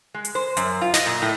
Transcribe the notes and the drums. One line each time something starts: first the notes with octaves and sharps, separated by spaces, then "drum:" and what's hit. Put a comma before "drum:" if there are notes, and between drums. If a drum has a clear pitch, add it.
G#3
drum: hi-hat
C5
F#2, drum: hi-hat
F4
D#5, drum: snare
A#2
A2